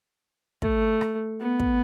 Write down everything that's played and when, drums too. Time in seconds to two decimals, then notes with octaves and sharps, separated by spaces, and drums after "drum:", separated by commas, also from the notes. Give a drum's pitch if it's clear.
0.62 A3, drum: kick
1.01 drum: rim click
1.40 B3
1.60 drum: kick